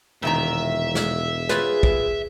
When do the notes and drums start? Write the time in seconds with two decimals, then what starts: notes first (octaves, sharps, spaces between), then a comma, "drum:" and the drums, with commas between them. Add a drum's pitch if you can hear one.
0.23 E1 A#2 D#3 E5 A#5
0.95 drum: snare
1.49 F4 G#4 B4 C#5, drum: snare
1.83 drum: kick